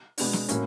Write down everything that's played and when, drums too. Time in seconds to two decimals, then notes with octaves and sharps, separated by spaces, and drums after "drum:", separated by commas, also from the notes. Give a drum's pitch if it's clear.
0.18 B2 G#3 B3 D4, drum: open hi-hat
0.33 drum: snare
0.49 A2 F#3 A#3 C#4, drum: hi-hat